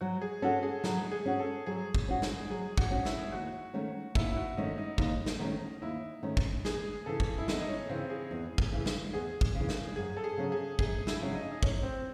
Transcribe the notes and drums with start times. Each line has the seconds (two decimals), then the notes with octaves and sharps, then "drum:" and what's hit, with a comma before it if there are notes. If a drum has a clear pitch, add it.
0.01 F#3 F#4
0.21 G#4
0.42 C#4 F#4 A4
0.63 G#4
0.84 F#3, drum: snare
1.11 G#4
1.26 C#4 F#4
1.40 A4
1.66 F#3 G#4
1.95 drum: kick
2.09 C#4 F#4
2.22 drum: snare
2.50 F#3 G#4
2.78 F#4, drum: kick
2.91 C#4 F#4
3.05 E4, drum: snare
3.32 D#2 F#4
3.74 D#3 A3 C#4
4.15 D#2 E4, drum: kick
4.32 E4
4.36 F#4
4.57 D#3 A3 C#4 D#4
4.78 D#4
4.98 D#2 D#4, drum: kick
5.26 drum: snare
5.40 D#3 A3 C#4
5.82 D#2 E4
6.23 D#3 A3 C#4
6.37 drum: kick
6.65 E2 G#4, drum: snare
7.06 C#3 E3 A4
7.20 drum: kick
7.38 E4
7.48 E2 D#4, drum: snare
7.61 D#4
7.68 C#4
7.89 C#3 E3 C4
8.10 G#4
8.31 E2
8.58 drum: kick
8.73 C#3 E3
8.86 drum: snare
9.14 E2 G#4
9.41 drum: kick
9.55 C#3 E3
9.69 drum: snare
9.96 F#2 G#4
10.17 A4
10.24 G#4
10.37 C#3 F#3 C#4
10.52 G#4
10.79 F#2 G#4, drum: kick
11.07 E4, drum: snare
11.21 C#3 F#3 C#4
11.34 D#4
11.52 D#4
11.63 F#2 C#4, drum: kick
11.83 C4